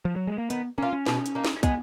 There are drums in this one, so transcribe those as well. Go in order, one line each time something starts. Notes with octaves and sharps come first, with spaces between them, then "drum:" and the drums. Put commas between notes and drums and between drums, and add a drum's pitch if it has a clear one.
F3
F#3
G#3
A#3
D#3 B3, drum: hi-hat
A#3 C#4 F4
C#4
B2, drum: snare
drum: hi-hat
A#3 D#4
drum: snare
G#3 B3, drum: kick, hi-hat